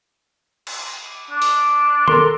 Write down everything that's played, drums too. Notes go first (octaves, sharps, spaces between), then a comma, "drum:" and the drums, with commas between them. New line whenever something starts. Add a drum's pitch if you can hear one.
drum: cymbal
D4
drum: open hi-hat
A4 A#4 C6, drum: tom